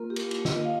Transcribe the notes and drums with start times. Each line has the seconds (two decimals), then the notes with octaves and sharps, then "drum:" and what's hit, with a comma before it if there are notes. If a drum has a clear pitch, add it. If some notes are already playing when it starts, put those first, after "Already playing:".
Already playing: A#3 F4 A#4
0.10 G4
0.16 A#4, drum: cymbal
0.31 drum: cymbal
0.45 A#3 F4 D#5, drum: snare
0.56 A#4
0.64 F5